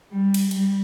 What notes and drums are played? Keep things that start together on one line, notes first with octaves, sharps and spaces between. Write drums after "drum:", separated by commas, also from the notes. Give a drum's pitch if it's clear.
G3
drum: cymbal
G3, drum: hi-hat